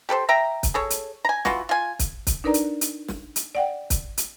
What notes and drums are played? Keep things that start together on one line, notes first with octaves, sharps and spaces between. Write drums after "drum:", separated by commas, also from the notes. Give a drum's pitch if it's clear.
G4 A4 B4 C5
E5 G5 A#5
drum: kick, hi-hat
G#4 A4 C#5
drum: hi-hat
G#5 A#5
E3 F4 F#4, drum: snare
F4 G#5
drum: kick, hi-hat
drum: kick, hi-hat
D4 D#4 A#4 B4 D5 A#5
drum: hi-hat
drum: hi-hat
drum: snare
drum: hi-hat
D5 F#5 G5
drum: kick, hi-hat
drum: hi-hat